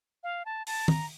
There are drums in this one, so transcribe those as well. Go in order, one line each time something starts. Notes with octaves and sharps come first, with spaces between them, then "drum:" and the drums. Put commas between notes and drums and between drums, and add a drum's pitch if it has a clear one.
F5
A5
A5, drum: open hi-hat
A#5, drum: tom